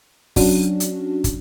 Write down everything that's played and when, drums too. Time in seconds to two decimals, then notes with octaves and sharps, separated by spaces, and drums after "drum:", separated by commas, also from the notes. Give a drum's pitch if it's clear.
0.36 F#3 C#4 D4 F#4, drum: kick, open hi-hat
0.80 drum: hi-hat
1.24 drum: kick, hi-hat